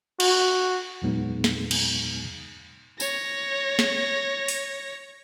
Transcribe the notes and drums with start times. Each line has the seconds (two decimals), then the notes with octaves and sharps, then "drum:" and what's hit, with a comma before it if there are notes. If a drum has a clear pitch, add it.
0.20 F#4, drum: cymbal
1.02 E2 A#2 F#3 G#3 B3 D#4
1.44 drum: snare
1.71 drum: cymbal
3.00 C#5 A#6, drum: tambourine
3.79 drum: snare
4.48 drum: open hi-hat